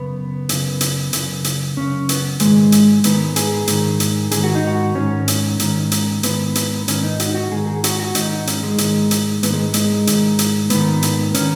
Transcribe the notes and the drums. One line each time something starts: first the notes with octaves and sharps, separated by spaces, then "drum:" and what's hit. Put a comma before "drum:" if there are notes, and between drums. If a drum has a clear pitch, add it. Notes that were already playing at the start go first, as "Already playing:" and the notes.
Already playing: F#2 C#3 B3
F#2 C#3, drum: hi-hat
drum: hi-hat
F#2 C#3, drum: hi-hat
drum: hi-hat
F#2 C#3 C#4
B3, drum: hi-hat
G#2 D#3 G#3, drum: hi-hat
drum: hi-hat
G#2 D#3 B3, drum: hi-hat
G#4, drum: hi-hat
G#2 D#3, drum: hi-hat
drum: hi-hat
G#2 D#3 G#4, drum: hi-hat
F#4
D#4
F#4
G#2 D#3 C#4
drum: hi-hat
G#2 D#3, drum: hi-hat
drum: hi-hat
G#2 D#3 B3, drum: hi-hat
drum: hi-hat
G#2 D#3 C#4, drum: hi-hat
D#4
F#4, drum: hi-hat
D#4
F#4
G#2 D#3 G#4
G#4
F#4, drum: hi-hat
F#4
G#2 D#3 D#4, drum: hi-hat
D#4
C#4, drum: hi-hat
G#3
G#2 D#3, drum: hi-hat
drum: hi-hat
G#2 D#3 B3, drum: hi-hat
G#3
G#3, drum: hi-hat
G#2 D#3, drum: hi-hat
drum: hi-hat
G#2 D#3 B3, drum: hi-hat
drum: hi-hat
D#3 C#4, drum: hi-hat